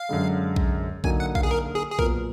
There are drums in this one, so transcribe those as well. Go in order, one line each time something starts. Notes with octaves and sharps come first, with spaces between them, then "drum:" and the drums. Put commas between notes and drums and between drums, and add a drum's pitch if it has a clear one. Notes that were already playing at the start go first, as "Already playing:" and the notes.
Already playing: F5
F#2 D3 G#3
drum: kick A#1
D3 F#3 A#3 D#4 G#5, drum: kick A#1
F#5
F5, drum: kick A#1
G#4
A#4
G#4
G#4
A#2 F#3 B3 A#4, drum: kick A#1